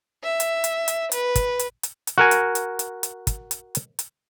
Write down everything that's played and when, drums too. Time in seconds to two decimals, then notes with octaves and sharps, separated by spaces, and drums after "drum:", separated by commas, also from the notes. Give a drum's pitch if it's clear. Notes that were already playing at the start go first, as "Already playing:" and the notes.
0.23 E5
0.40 drum: hi-hat
0.64 drum: hi-hat
0.88 drum: hi-hat
1.12 B4, drum: hi-hat
1.35 drum: kick, hi-hat
1.59 drum: hi-hat
1.83 drum: hi-hat
2.07 drum: hi-hat
2.18 F#4 A#4 G#5
2.31 drum: hi-hat
2.55 drum: hi-hat
2.79 drum: hi-hat
3.03 drum: hi-hat
3.27 drum: kick, hi-hat
3.51 drum: hi-hat
3.75 drum: hi-hat
3.99 drum: hi-hat